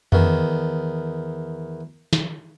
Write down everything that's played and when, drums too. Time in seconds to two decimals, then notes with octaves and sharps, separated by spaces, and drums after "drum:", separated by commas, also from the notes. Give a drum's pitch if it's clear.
0.12 E2 D#3, drum: tom F2
2.13 drum: snare